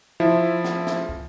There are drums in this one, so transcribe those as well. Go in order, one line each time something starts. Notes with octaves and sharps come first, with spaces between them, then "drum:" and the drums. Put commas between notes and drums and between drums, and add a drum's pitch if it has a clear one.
F3 E4 E5
drum: snare
drum: snare
drum: kick